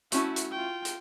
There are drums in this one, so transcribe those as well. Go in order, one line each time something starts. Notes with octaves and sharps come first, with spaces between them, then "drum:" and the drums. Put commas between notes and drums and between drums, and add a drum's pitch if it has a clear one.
A3 C#4 E4 F#4 A5, drum: hi-hat
drum: hi-hat
F4 G5
drum: hi-hat